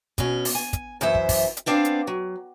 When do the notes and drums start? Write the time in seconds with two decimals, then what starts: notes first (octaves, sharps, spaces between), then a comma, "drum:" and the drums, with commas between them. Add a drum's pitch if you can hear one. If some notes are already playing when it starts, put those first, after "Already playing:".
0.18 B2 C#4, drum: kick, hi-hat
0.45 drum: open hi-hat
0.55 G#5
0.73 drum: kick, hi-hat
1.01 F#2 E3 C5 E5, drum: hi-hat
1.15 drum: kick
1.29 drum: kick, open hi-hat
1.57 drum: hi-hat
1.66 B3 C4 D4 F5
1.85 drum: hi-hat
2.07 F#3